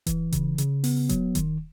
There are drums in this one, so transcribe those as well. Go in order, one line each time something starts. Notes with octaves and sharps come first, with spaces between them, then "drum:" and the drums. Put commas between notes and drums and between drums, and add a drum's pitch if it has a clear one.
E3, drum: kick D#1, hi-hat
C#3, drum: kick D#1, hi-hat
C#3, drum: hi-hat
B3, drum: open hi-hat
F#3, drum: kick D#1, hi-hat
D#3, drum: kick D#1, hi-hat